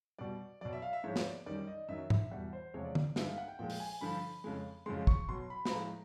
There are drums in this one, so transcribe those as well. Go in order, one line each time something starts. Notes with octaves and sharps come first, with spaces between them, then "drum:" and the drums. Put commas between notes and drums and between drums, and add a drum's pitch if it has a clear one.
B2 G3 D5
B2 F#3 D5
E5
F5
E5
G#2 F3 G#3 C#5
drum: snare
D5
F#2 D#3 G3 D5
D#5
F#2 D#3 F#3 E5
E5, drum: tom G#2
E2 B2 G3 F#5
C5
E2 C3 F3 G#3 C#5
D5
D5, drum: tom
G2 D#3 G#3 E5, drum: snare
F5
F#5
G5
A#2 F3 G#3 G5
drum: open hi-hat
G#5
G2 D3 F3 B5
F2 C#3 F3 G#3
F#2 C#3 F3 G#3 C6
C#6, drum: kick
B2 F#3 C6
B5
B5, drum: snare
A2 F3 G#3 A#5